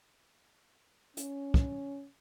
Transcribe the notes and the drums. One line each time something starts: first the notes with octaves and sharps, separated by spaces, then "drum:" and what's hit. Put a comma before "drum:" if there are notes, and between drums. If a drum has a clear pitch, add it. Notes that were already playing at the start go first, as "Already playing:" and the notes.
C#4, drum: hi-hat
drum: kick